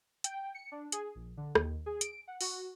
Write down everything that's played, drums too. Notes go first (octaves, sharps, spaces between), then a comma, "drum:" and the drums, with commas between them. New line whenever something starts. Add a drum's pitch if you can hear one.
G5, drum: hi-hat
C#7
D4
G#4, drum: hi-hat
A#1
D3
D#2, drum: rim click
G#4
D7, drum: hi-hat
F#5
F#4, drum: open hi-hat